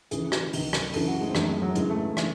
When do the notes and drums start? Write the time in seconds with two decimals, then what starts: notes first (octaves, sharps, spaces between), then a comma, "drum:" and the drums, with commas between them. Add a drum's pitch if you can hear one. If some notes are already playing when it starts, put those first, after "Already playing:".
0.11 D#2 C#3 E3 G#4, drum: hi-hat
0.32 drum: rim click
0.53 C#2 C3 D#3, drum: open hi-hat
0.73 drum: rim click
0.93 F#2 C#3 E3 A4, drum: open hi-hat
1.08 F#4
1.21 G#3
1.30 C4
1.35 F#2 D#3 A3, drum: rim click
1.49 G#3
1.62 F#3
1.75 E2 C#3 E3 G#3, drum: hi-hat
1.90 A3
2.04 A3
2.17 C#3 E3, drum: rim click